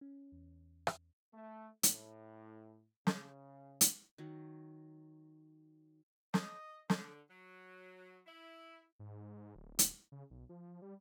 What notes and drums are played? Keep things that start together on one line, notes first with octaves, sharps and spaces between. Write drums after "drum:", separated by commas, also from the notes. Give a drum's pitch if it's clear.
C#4
E2
drum: rim click
A3
A2, drum: hi-hat
C#3, drum: snare
drum: hi-hat
D#3 F#3
D#5, drum: snare
D3, drum: snare
F#3
E4
G#2
D1
drum: hi-hat
C#3
B1
F3
G3